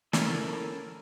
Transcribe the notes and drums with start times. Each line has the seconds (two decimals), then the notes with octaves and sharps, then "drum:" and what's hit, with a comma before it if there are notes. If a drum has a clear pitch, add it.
0.13 C#4 E4 A4 A#4 A5, drum: snare